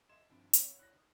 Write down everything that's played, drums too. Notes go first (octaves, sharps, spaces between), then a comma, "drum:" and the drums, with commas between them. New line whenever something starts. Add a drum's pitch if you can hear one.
D#5 E5 C6 G#6 E7
G2 D#3 F3 C4 D4 E4
C4 E4 F#4 C#5 D5, drum: hi-hat
E4 F#6 A#6
D#3